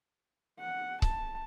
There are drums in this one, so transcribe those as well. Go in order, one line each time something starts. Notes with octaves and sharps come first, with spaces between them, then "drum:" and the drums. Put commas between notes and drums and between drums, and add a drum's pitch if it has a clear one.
F#5
A5, drum: kick C#1